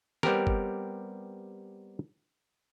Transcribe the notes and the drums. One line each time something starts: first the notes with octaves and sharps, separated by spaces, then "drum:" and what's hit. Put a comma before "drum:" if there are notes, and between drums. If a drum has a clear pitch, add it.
G3 B3 C4 G4 A#4, drum: snare
drum: kick